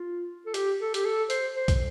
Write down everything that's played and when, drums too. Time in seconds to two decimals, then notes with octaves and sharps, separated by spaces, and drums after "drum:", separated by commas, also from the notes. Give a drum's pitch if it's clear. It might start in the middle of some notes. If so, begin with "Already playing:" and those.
Already playing: F4
0.46 A4
0.54 G4, drum: hi-hat
0.80 A4
0.94 G4, drum: hi-hat
1.05 A4
1.30 C5, drum: hi-hat
1.56 C5
1.68 drum: kick, hi-hat